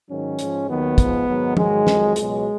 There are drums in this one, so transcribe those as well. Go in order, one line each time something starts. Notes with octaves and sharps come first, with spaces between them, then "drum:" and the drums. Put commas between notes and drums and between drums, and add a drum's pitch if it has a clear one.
G#2 D#3 F#3 C#4
G#2, drum: hi-hat
F3
D#2 D#3 F#3 B3
G#2 F3, drum: kick, hi-hat
G#2 D#3 F#3
G#2 D#3 F#3 G#3, drum: tom F3
F2 D#3 F#3, drum: snare
C#2 B2 F#3 G#3, drum: hi-hat